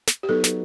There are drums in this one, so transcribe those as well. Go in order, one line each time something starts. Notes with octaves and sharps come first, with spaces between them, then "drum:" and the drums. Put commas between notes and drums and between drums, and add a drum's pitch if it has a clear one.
drum: snare
G4
F#3 B3 D#4 A4
drum: snare